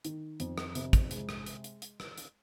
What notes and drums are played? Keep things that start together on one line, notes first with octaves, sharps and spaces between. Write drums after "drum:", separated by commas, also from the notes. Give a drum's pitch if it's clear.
D#3, drum: hi-hat
F2, drum: hi-hat
drum: rim click
C3, drum: hi-hat
drum: kick, hi-hat
G#3, drum: hi-hat
drum: rim click
drum: hi-hat
drum: hi-hat
drum: hi-hat
drum: rim click
drum: hi-hat